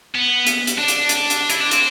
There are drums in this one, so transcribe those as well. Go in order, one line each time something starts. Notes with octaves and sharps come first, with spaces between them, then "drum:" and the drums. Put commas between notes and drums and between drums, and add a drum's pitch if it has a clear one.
B3
drum: hi-hat
drum: hi-hat
D4
drum: hi-hat
drum: hi-hat
drum: hi-hat
E4, drum: hi-hat
D4
C4, drum: hi-hat